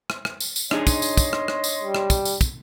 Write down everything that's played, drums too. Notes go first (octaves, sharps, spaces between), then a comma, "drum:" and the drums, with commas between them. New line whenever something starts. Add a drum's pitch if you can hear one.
drum: rim click
drum: rim click
drum: tambourine
drum: tambourine
D4 D#4 G#4 C#5 D#5 C6, drum: rim click
drum: kick, tambourine
drum: tambourine
drum: kick, tambourine
drum: rim click
drum: rim click
drum: tambourine
G3
drum: rim click
drum: kick, tambourine
drum: tambourine
drum: kick, tambourine